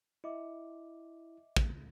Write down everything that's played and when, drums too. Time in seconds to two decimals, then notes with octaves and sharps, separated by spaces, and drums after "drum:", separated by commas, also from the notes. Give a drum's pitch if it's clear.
0.24 E4 D#5 E5 D6
1.56 drum: kick